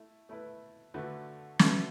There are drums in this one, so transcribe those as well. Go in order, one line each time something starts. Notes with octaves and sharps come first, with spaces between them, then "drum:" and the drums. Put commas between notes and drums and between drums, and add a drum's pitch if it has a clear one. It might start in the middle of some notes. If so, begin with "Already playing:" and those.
Already playing: A3 E4
A3 E4 B4
D3 A3 F#4 B4
D3 A3 F#4 B4, drum: snare